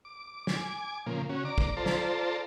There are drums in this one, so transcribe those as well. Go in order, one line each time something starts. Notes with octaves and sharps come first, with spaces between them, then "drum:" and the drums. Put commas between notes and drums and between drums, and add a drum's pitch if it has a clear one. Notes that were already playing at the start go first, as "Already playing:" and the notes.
D6
G#5 D6, drum: snare
A#2 C#3 F3 A#3
C#3 C#4 F#4
D5 A#5 D6
drum: kick
F4 A4 C5 D5 A5 A#5
drum: snare